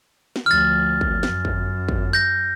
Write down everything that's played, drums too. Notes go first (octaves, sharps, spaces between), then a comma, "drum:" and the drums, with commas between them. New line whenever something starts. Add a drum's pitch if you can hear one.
drum: snare
D2 F3 F6 A6
drum: kick
F#2, drum: snare
drum: kick
drum: kick
G6 A#6